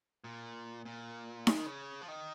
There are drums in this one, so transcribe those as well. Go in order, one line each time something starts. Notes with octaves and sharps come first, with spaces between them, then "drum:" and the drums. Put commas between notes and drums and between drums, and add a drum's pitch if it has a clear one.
A#2
A#2
C#3, drum: snare D#4
D#3
C#3
F3
D#3